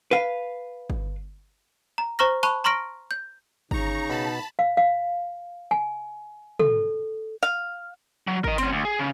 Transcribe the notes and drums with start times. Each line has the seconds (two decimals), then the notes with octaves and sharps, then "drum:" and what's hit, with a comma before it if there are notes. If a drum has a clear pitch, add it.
0.11 B4 F5
0.90 drum: kick G1
1.98 A#5
2.19 C5 A#5 C#6 F6 A#6
2.43 A5 B5 C#6 F#6, drum: hi-hat
2.64 A#5 C6 C#6 F6 A#6 D7
3.11 G6
3.71 C#3 D#4 A#5 C#6, drum: kick G1
4.10 B2 A5 B5
4.59 F5
4.77 F5
5.71 G#5
6.59 A4, drum: tom
7.43 F5
8.27 F#3
8.44 A#4 D#5, drum: kick G1
8.58 C4 C#4, drum: hi-hat
8.72 D2
8.85 G#4
8.99 C#3